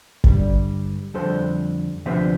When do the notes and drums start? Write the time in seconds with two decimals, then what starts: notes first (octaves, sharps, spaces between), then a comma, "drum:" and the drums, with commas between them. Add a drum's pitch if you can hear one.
0.24 G2 D3 G3, drum: kick
1.14 F2 D3 G3 A4 C5
2.05 D2 C3 F3 B3 D4 C5 E5